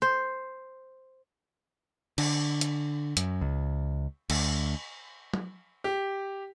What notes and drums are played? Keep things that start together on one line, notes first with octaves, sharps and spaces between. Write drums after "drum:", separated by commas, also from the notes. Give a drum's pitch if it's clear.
C5
D3, drum: cymbal
drum: hi-hat
F#2, drum: hi-hat
C#2
D2, drum: cymbal
drum: tom
G4